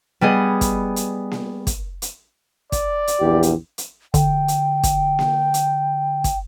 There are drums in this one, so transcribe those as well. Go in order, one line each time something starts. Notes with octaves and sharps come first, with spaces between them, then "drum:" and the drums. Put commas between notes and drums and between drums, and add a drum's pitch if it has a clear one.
G3 B3 G#4 D#5
drum: kick, hi-hat
drum: hi-hat
drum: snare A#3
drum: kick, hi-hat
drum: hi-hat
D5, drum: kick, hi-hat
drum: hi-hat
A#1 E2 G4
drum: hi-hat
drum: hi-hat
D3 G5, drum: kick, hi-hat
drum: hi-hat
drum: kick, hi-hat
drum: snare A#3
drum: hi-hat
drum: kick, hi-hat